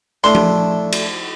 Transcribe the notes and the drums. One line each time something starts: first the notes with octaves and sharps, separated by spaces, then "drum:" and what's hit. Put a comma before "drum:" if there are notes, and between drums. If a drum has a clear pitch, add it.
A3 D4 E4 C6
drum: tom F3
drum: cymbal